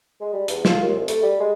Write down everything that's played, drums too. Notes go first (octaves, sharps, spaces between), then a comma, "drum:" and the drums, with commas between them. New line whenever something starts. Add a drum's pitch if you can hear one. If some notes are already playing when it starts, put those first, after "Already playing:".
G#3
G3
E2, drum: hi-hat
F4, drum: snare
D#2
C2
A3, drum: hi-hat
G3
G#3